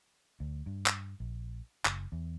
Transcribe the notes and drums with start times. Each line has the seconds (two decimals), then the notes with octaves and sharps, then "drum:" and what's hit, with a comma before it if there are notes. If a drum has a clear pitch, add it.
0.40 D2
0.66 G2
0.86 drum: clap
1.20 A#1
1.85 F#1, drum: clap
2.12 E2